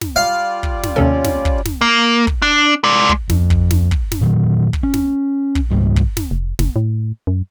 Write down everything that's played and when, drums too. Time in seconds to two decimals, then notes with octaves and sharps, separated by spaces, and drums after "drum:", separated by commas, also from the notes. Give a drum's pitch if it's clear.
0.01 drum: snare
0.16 G3 F4 D5 F5
0.63 drum: kick
0.83 drum: snare
0.96 D#2 C3 C#4 A4
1.24 drum: snare
1.45 drum: kick
1.66 drum: snare
1.81 A#3
2.27 drum: kick
2.42 D4
2.84 G#3 D5
3.09 drum: kick
3.30 F2, drum: snare
3.50 drum: kick
3.71 drum: snare
3.91 drum: kick
4.12 drum: snare
4.21 A#2 D#3 F#3
4.73 drum: kick
4.83 C#4
4.94 drum: snare
5.55 drum: kick
5.70 C#2 G#2 G3
5.96 drum: kick
6.17 drum: snare
6.31 F1
6.59 F#1, drum: snare
6.76 A2
7.27 F#2